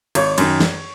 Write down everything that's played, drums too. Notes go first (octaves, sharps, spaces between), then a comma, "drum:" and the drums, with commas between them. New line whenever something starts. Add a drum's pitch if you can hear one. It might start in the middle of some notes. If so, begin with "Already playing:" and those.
G#1 C#5, drum: cymbal
F#2 D#3, drum: cymbal
drum: snare